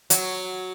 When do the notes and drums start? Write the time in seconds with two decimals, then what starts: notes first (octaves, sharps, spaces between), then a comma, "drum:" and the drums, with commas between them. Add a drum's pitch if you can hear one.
0.10 F#3, drum: hi-hat